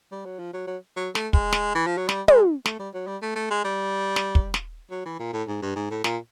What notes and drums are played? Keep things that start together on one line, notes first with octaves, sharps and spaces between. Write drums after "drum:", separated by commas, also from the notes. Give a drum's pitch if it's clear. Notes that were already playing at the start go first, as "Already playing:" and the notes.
G3
F#3
F3
F#3
F#3
F#3
A3, drum: snare
G#3, drum: kick
drum: snare
E3
F3
F#3
G3, drum: snare
G#3, drum: tom
A3, drum: snare
G3
F#3
G3
A3
A3
G#3
G3
drum: snare
drum: kick
drum: snare
F#3
E3
A#2
A2
G#2
G2
G#2
A2
A#2, drum: snare